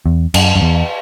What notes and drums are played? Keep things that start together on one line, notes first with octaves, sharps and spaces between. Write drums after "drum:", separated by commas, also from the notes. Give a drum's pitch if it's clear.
E2
F#2, drum: cymbal
F#2
E2